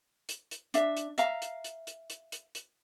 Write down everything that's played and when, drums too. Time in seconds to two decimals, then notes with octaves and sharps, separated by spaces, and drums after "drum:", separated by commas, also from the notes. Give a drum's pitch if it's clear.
0.29 drum: hi-hat
0.51 drum: hi-hat
0.74 D4 E5, drum: hi-hat
0.97 drum: hi-hat
1.18 E5 F5 A#5, drum: hi-hat
1.42 drum: hi-hat
1.64 drum: hi-hat
1.87 drum: hi-hat
2.10 drum: hi-hat
2.32 drum: hi-hat
2.55 drum: hi-hat